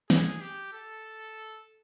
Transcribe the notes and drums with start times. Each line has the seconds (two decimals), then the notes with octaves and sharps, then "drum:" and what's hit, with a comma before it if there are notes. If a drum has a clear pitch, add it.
0.10 G#4, drum: snare
0.41 G4
0.73 A4